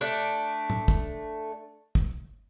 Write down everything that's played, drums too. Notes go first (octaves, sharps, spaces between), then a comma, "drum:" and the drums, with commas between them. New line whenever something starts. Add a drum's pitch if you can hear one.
A3 D4 D5
drum: tom
drum: kick
drum: kick